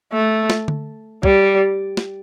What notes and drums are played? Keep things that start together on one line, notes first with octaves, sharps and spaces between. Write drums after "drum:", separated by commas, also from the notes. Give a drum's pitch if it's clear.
A3
drum: snare
drum: tom D3
G3, drum: kick
drum: snare